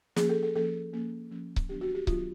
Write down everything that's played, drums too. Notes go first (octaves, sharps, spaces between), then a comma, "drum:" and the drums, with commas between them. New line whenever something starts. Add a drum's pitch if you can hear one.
F3 A#3 C#4 G#4, drum: snare
A4
A4
F3 A#3 C#4 A4
F3 A#3 C#4
F3 A#3 C#4
drum: kick C#1
D#3 F#3 B3 D4 G4
F#4
G4
D#3 F#3 B3 D4 F4, drum: kick C#1